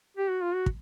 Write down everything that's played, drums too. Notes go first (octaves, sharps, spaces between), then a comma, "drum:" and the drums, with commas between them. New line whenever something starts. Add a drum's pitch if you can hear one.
G4
F#4
F4
F#4
drum: kick